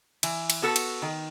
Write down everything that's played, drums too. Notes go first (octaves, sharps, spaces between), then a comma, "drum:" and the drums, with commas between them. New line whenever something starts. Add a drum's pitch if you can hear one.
E3, drum: cymbal
drum: cymbal
B3 F#4 A4
drum: cymbal
D#3